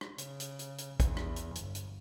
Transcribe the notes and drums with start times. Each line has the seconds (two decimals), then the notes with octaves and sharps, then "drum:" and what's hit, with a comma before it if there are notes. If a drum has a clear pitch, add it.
0.01 drum: rim click
0.18 C#3, drum: hi-hat
0.40 drum: hi-hat
0.59 drum: hi-hat
0.78 drum: hi-hat
1.00 E2, drum: kick, hi-hat
1.17 drum: rim click
1.36 drum: hi-hat
1.55 G1, drum: hi-hat
1.75 drum: hi-hat